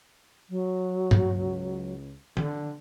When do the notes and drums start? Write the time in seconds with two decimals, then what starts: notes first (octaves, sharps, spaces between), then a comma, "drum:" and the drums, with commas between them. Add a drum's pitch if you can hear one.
0.49 F#3
1.11 drum: tom
1.32 C#2
2.37 D3, drum: tom